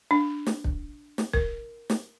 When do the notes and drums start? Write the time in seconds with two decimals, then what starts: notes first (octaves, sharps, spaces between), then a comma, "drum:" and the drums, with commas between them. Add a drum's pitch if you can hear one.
0.11 D4
0.46 drum: snare
0.64 drum: kick
1.18 drum: snare
1.34 A#4, drum: kick
1.90 drum: snare